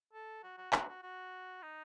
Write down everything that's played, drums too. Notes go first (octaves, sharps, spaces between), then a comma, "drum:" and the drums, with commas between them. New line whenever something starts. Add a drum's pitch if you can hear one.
A4
F#4
F#4
F#4, drum: clap
F#4
F#4
D#4